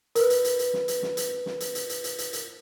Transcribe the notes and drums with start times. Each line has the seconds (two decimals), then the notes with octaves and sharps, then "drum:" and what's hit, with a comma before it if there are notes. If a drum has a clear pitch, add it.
0.15 A#4 B4, drum: hi-hat
0.30 drum: hi-hat
0.44 drum: hi-hat
0.59 drum: hi-hat
0.73 drum: snare
0.88 drum: hi-hat
1.02 drum: snare
1.17 drum: hi-hat
1.46 drum: snare
1.60 drum: hi-hat
1.75 drum: hi-hat
1.89 drum: hi-hat
2.04 drum: hi-hat
2.18 drum: hi-hat
2.33 drum: hi-hat